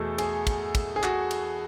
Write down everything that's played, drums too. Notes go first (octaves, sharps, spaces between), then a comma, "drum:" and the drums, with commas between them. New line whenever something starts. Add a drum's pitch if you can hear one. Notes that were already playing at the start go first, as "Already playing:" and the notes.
Already playing: E2 B2 A3 G#4 A4
G#4, drum: cymbal
drum: kick, cymbal
drum: kick, cymbal
G#4
F#4, drum: clap
drum: cymbal